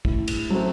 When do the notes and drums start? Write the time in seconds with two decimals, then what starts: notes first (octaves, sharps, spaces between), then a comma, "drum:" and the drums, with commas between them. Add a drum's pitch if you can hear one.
0.05 A2, drum: kick
0.28 drum: cymbal
0.50 F#3 A3 C4